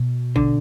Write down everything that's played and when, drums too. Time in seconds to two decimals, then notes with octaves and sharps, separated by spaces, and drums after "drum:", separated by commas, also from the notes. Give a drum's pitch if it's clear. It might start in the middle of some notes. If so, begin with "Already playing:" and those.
Already playing: B2
0.36 D3, drum: kick